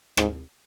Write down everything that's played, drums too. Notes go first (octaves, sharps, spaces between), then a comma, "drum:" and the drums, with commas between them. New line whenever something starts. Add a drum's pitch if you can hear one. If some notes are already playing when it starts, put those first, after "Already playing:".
G#2, drum: rim click